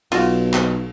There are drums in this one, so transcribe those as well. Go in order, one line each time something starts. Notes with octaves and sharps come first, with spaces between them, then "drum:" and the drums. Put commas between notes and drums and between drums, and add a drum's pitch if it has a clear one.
B1 F4 F#4, drum: cymbal
drum: clap